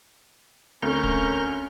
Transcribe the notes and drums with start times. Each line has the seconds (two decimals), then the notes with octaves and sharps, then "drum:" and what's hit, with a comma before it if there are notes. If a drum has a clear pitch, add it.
0.82 D2 C4 C#4 A4 A#4 F6 G6
1.04 drum: kick